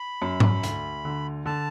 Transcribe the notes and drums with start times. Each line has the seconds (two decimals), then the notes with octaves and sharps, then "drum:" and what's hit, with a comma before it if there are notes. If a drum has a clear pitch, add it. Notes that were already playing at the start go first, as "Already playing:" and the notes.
Already playing: B5
0.22 F#2
0.40 drum: tom G#2
0.63 D2, drum: hi-hat
1.05 D3
1.46 D3 A5